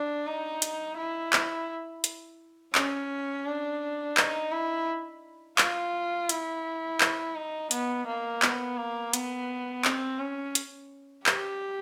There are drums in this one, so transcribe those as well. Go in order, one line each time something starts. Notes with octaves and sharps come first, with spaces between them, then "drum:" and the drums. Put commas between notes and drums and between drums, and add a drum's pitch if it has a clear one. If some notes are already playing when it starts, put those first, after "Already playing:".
Already playing: D4
D#4
drum: hi-hat
E4
drum: clap
drum: hi-hat
C#4, drum: clap
D4
D#4, drum: clap
E4
F4, drum: clap
E4, drum: hi-hat
drum: clap
D#4
B3, drum: hi-hat
A#3
B3, drum: clap
A#3
B3, drum: hi-hat
C4, drum: clap
C#4
drum: hi-hat
G4, drum: clap